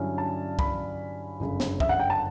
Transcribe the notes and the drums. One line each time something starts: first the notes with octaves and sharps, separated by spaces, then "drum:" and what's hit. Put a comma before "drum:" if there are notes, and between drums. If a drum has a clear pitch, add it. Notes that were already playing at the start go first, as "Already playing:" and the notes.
Already playing: G2 D3 F#3 C#4 E4
A5
B5, drum: kick
G1 F#2 C#3
drum: snare
E5, drum: kick
F#5
G5
A5